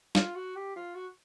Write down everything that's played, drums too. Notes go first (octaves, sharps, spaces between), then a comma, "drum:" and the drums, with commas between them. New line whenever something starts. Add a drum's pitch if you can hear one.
F4, drum: snare
F#4
G4
F4
F#4